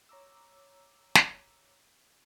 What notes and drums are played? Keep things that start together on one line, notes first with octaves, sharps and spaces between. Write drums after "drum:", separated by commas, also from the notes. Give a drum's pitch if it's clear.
C#5 A#5 D6 E6
drum: snare